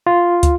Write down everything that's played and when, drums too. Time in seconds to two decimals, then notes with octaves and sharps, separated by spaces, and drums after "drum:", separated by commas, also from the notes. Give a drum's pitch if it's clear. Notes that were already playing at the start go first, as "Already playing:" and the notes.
0.07 F4
0.43 drum: kick, hi-hat